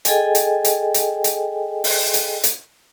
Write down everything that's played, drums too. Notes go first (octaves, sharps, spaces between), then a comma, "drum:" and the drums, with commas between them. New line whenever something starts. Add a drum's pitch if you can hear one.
G#4 A4 D#5 G5 G#5, drum: hi-hat
drum: hi-hat
drum: hi-hat
drum: hi-hat
drum: hi-hat
drum: open hi-hat
drum: hi-hat
drum: hi-hat